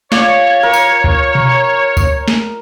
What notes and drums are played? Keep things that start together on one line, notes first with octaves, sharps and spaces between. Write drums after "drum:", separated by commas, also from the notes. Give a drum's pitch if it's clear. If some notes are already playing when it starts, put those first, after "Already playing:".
F4 C#5 D5, drum: snare
A#4
drum: tambourine
drum: kick
drum: tom B2
drum: kick, tambourine
drum: snare